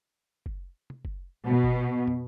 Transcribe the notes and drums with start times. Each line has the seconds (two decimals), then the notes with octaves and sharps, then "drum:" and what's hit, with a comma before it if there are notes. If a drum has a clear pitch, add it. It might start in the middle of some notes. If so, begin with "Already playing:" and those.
0.46 drum: kick
0.90 drum: tom
1.05 drum: kick
1.49 B2
1.63 drum: kick
2.08 drum: tom